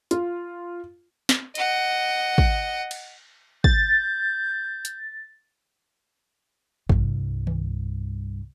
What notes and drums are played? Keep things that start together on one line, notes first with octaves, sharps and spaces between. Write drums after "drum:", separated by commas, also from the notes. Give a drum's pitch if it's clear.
F4, drum: hi-hat
drum: snare
D#5 F#5, drum: hi-hat
drum: kick
drum: cymbal
G6 A6, drum: kick
drum: hi-hat
C2 G2, drum: kick
drum: tom D#3